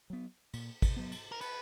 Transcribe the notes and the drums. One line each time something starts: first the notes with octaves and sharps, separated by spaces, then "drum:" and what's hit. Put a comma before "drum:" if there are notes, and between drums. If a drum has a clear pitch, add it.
F#3 B3
A#2, drum: cymbal
drum: kick G#1, cymbal
F#3 B3
drum: cymbal
A#4
B4, drum: cymbal